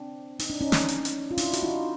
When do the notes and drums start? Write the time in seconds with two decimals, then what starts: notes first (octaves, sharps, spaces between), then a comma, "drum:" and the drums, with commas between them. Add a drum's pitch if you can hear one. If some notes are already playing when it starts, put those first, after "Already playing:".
Already playing: C4 D4
0.39 D#4, drum: open hi-hat
0.50 D4
0.61 C#4 D#4
0.72 drum: snare
0.88 drum: hi-hat
1.05 drum: hi-hat
1.31 F4
1.38 D4 E4, drum: open hi-hat
1.53 F#4, drum: hi-hat
1.63 D#4 F4